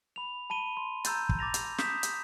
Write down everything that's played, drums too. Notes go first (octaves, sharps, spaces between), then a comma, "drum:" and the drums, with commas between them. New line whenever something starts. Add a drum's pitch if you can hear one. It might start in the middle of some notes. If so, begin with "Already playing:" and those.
B5 F7
A5 B5 D#7 G7
C6
A#5 E6 G6 A6, drum: hi-hat
drum: kick
D6 A6 A#6 F7
drum: hi-hat
D#6 G6 B6 E7, drum: snare
drum: hi-hat